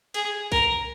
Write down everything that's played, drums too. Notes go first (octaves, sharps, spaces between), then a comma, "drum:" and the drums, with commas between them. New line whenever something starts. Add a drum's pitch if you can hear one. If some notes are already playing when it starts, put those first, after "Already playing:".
G#4, drum: cymbal
A#4, drum: kick B1, cymbal